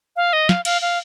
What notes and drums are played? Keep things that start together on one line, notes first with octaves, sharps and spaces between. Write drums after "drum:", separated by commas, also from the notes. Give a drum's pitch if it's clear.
F5
D#5
F5, drum: snare
F5, drum: cymbal
F5